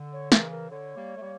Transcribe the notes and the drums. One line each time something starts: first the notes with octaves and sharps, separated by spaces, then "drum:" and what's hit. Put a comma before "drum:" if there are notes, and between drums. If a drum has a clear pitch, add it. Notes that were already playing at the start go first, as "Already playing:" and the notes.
Already playing: D3
C#5
C#3 E3 A#4, drum: snare
A#4
D3 C#5
G3 A#3
A3
G3 A#3